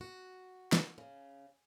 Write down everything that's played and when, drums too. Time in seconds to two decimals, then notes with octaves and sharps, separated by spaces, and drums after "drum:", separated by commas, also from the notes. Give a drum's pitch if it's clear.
0.01 F#4
0.73 drum: snare
0.98 C#3